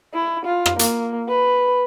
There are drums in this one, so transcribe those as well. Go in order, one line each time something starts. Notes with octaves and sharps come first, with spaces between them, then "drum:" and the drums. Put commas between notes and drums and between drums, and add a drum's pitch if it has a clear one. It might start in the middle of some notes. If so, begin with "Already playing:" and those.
E4
F4
drum: rim click
A#3, drum: hi-hat
B4